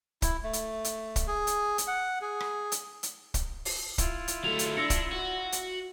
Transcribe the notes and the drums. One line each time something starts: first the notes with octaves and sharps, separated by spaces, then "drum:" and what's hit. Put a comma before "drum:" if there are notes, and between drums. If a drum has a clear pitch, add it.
E4, drum: kick, hi-hat
A3
drum: hi-hat
drum: hi-hat
drum: kick, hi-hat
G#4
drum: hi-hat
drum: hi-hat
F#5
G#4
drum: rim click
drum: hi-hat
drum: hi-hat
drum: kick, hi-hat
drum: open hi-hat
E4 F4, drum: kick, hi-hat
drum: hi-hat
F#3 A3 F7
drum: hi-hat
D4 E6 A#6 C#7
drum: kick, hi-hat
F#4
drum: hi-hat